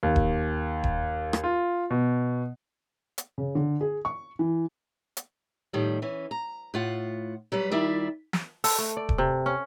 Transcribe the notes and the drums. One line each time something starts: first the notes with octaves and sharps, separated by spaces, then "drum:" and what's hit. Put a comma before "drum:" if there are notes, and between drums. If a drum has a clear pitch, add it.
D#2
drum: kick D#1
drum: kick D#1
drum: rim click
F4
B2
drum: hi-hat
C#3
D3
G#4
C#6
E3
drum: hi-hat
A2 D#3 F3 G3
E3 C#4
A#5
A2 F4 F#5
F#3 G3 B4
D#3 G3 E4 F4 D5 E5
drum: snare
A4, drum: open hi-hat
A3
D5
drum: kick D#1
C3
C#4